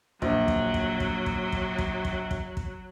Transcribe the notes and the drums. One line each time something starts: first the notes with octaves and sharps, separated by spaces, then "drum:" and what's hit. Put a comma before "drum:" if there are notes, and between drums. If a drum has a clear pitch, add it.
A#1 F#3, drum: kick
drum: kick
drum: kick
drum: kick
drum: kick
drum: kick
drum: kick
drum: kick
drum: kick
drum: kick